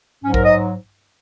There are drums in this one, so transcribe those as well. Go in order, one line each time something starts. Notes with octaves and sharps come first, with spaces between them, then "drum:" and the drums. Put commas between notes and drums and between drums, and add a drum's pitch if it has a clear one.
G#2 F#3 C#4
A#4, drum: kick A#1
D#5